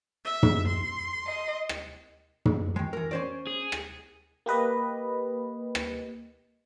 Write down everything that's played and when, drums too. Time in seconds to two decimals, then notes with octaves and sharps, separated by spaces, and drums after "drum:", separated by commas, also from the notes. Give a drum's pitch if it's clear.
0.24 E5
0.43 drum: tom
0.67 C6
1.27 D#5
1.69 drum: rim click
2.45 drum: tom
2.76 D#3 G#3
2.93 E3 A#4
3.11 C#4 C5 D5
3.47 G#4
3.72 drum: rim click
4.46 A#3 G4 B4 D#5
5.75 drum: rim click